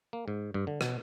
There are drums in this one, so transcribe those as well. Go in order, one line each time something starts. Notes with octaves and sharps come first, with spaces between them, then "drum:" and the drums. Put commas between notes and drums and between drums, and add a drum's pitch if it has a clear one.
A#3
G#2
G2
D3
B2, drum: rim click